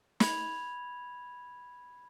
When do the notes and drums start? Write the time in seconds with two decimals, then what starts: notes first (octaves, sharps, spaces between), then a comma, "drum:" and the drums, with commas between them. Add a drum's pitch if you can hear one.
0.20 B5 G#6 F7, drum: snare